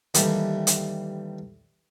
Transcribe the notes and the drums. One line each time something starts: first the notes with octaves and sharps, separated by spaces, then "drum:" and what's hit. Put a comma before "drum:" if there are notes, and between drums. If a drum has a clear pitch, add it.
D#2 E3 G3 A3, drum: hi-hat
drum: hi-hat